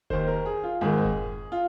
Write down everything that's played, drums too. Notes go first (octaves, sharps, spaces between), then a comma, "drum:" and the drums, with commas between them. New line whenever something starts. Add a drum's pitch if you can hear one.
D#2 D#3 C5, drum: kick F1
A#4
G#4
F4
G#1 G#2 D#3 G#4
drum: kick F1
F4